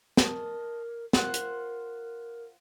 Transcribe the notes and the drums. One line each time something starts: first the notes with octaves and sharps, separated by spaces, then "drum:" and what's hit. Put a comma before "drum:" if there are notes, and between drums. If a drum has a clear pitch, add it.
A#4 D#5 A5, drum: snare
F4 A#4 C5 F#5, drum: snare
drum: hi-hat